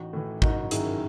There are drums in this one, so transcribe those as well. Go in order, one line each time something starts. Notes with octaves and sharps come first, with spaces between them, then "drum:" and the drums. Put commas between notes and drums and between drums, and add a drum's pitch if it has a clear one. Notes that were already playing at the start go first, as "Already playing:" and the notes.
Already playing: A1 D#4 F#4
A2 E3
F#1 D#4 F#4, drum: kick
F#2 D#3 E4 G#4, drum: hi-hat